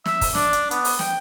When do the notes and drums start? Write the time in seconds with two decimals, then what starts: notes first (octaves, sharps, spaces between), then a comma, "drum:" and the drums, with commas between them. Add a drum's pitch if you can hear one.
0.06 E5, drum: snare
0.21 drum: kick, open hi-hat
0.35 D4, drum: snare
0.53 drum: hi-hat
0.71 B3, drum: hi-hat
0.85 drum: open hi-hat
0.99 G5, drum: snare